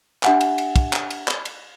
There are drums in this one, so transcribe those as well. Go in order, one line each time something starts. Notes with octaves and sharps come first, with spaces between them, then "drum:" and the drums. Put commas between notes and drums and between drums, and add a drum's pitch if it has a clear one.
D4 G4 E5 F#5 G#5, drum: clap
drum: cymbal
drum: cymbal
drum: kick, cymbal
drum: clap
drum: cymbal
drum: clap
drum: cymbal